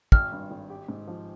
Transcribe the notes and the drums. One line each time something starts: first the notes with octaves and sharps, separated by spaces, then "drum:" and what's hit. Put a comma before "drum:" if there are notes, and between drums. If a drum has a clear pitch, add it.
G#1 F6, drum: kick
G2
G#1
G4
G#2
F3